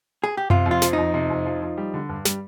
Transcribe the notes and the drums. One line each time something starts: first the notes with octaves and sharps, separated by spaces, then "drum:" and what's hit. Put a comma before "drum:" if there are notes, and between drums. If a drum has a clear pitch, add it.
G#4
G4
C3 F4, drum: tom F#2
F2
F4
F3, drum: snare
F2 D#4
C3
F2
F3
F3
G3
D3
G2
G3, drum: snare